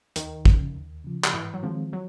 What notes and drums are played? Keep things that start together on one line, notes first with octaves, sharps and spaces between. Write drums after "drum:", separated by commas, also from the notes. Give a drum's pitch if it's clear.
D#2 D#3, drum: hi-hat
C#3 F3, drum: kick
D#2
C#3 F3
drum: clap
G#2 E3
F#3
D#3 F3 G#3 C4
F#3